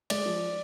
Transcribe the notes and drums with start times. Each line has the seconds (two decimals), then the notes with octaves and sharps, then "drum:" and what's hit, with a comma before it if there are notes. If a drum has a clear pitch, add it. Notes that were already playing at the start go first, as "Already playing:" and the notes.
0.10 G#3 D5, drum: cymbal
0.26 F3